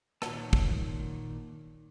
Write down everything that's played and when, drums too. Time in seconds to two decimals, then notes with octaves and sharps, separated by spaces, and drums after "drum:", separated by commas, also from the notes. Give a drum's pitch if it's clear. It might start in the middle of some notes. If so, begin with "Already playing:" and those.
0.22 A#2 D#3 C5 C#5 F#5 A5, drum: rim click
0.53 drum: kick